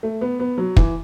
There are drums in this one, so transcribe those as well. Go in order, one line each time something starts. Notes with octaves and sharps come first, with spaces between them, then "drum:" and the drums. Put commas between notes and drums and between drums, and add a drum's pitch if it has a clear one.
A3
B3
B3
F#3
E3, drum: kick